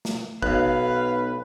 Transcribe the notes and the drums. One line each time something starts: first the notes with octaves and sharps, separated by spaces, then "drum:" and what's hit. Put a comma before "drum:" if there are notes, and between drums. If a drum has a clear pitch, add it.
drum: snare
B1 B4 F5 F#6, drum: kick